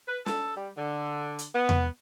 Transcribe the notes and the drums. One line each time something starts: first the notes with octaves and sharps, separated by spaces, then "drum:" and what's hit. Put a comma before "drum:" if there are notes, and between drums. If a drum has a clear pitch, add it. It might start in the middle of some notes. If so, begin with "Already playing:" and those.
B4
A4, drum: snare
G3
D3
drum: hi-hat
B3
drum: tom E2